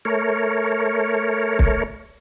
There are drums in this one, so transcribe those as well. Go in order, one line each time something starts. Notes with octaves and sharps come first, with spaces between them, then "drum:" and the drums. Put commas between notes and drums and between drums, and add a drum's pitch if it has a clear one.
A3 A#4 C#5
drum: kick